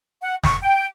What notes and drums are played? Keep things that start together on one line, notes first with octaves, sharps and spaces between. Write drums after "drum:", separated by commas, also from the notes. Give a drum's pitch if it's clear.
F#5
C#6, drum: snare
G5